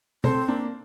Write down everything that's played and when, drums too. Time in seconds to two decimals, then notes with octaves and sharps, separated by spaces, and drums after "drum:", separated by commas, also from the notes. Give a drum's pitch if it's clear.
0.24 C4 A4 C5, drum: tom
0.48 A#3 D4